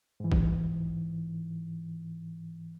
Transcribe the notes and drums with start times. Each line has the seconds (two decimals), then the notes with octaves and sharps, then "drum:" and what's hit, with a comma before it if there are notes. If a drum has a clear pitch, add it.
0.20 G#2 E3
0.32 drum: kick